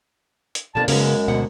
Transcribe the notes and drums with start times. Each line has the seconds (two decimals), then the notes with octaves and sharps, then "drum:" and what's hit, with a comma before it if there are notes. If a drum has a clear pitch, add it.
0.55 drum: hi-hat
0.75 F2 B2 D3 A#3 D4 A5
0.88 F#2 C#3 G#3 A#3 B3, drum: open hi-hat
1.28 D2 B2 F#5